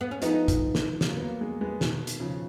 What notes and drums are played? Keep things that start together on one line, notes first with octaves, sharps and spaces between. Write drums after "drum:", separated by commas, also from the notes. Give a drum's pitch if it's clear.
B3
C#4
F3 G#3 B3 D#4, drum: hi-hat
drum: kick, hi-hat
drum: snare
F#3 A#3, drum: snare
B3
F#3 A#3
G#3 B3
G#3 B3
B2 D#3, drum: snare
drum: hi-hat
C#3 F3